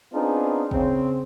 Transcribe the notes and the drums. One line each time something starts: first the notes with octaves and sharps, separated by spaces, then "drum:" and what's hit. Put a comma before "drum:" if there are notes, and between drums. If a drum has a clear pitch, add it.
B3 C4 D4 D#4 F4 G#4
C#3 C4, drum: kick